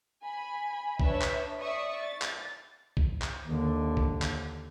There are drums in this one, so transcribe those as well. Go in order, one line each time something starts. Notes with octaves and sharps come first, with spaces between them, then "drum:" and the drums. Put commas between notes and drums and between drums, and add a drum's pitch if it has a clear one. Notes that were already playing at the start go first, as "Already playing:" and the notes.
G#5 B5
D4 B4 C#5 E5, drum: kick B1
drum: clap
D5 E5 C#6 D#6
A6
drum: clap
drum: kick B1
drum: clap
D#2 D3
drum: kick B1
drum: clap